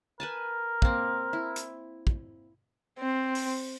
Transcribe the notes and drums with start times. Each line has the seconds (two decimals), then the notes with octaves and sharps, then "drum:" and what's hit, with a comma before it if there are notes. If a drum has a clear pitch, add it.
0.20 A#4 B4 G#5 A5
0.82 A#3 C4, drum: kick
1.33 E4
1.56 drum: hi-hat
2.07 drum: kick
2.99 C4
3.35 drum: open hi-hat